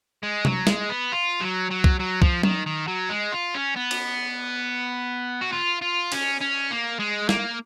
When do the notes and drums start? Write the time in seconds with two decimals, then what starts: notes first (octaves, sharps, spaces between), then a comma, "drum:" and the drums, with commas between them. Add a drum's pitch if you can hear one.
0.23 G#3
0.45 F#3, drum: tom C3
0.67 G#3, drum: snare
0.89 B3
1.12 F4
1.41 F#3
1.70 F#3
1.84 drum: kick C2
1.99 F#3
2.22 F3, drum: kick C2
2.43 D#3, drum: tom F#3
2.66 D#3
2.88 F#3
3.09 G#3
3.32 F4
3.55 C#4
3.76 B3
3.91 drum: cymbal
5.42 F#4
5.53 F4
5.82 F4
6.12 C#4, drum: cymbal
6.40 C#4
6.71 A#3
6.99 G#3
7.29 A#3, drum: snare